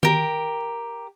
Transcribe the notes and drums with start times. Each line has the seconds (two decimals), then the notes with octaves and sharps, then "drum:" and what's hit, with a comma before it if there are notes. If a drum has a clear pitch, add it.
0.03 G4 A#4, drum: tom D#3